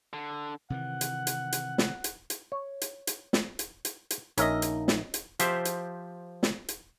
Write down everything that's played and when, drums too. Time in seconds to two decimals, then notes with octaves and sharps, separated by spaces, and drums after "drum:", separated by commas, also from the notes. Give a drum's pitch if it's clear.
0.13 D3
0.70 C3 D#3 E3 F#5
1.01 drum: hi-hat
1.27 drum: hi-hat
1.52 drum: hi-hat
1.78 drum: snare
2.04 drum: hi-hat
2.30 drum: hi-hat
2.52 C#5
2.81 drum: hi-hat
3.07 drum: hi-hat
3.33 drum: snare
3.59 drum: hi-hat
3.85 drum: hi-hat
4.10 drum: hi-hat
4.38 A#1 C#4 D#4 A#4 D#5 E5, drum: hi-hat
4.62 drum: hi-hat
4.88 drum: snare
5.14 drum: hi-hat
5.39 F3 G4 C5 E5, drum: hi-hat
5.65 drum: hi-hat
6.43 drum: snare
6.68 drum: hi-hat